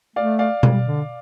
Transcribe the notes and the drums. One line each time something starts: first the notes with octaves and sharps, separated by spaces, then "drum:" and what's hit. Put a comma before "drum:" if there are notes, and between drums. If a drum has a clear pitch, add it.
A3 D5 F5
D5 F5
G3, drum: tom B2
D3